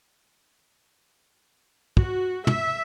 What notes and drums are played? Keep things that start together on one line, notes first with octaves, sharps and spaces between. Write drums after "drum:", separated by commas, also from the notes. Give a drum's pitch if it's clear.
F#4, drum: kick
E5, drum: tom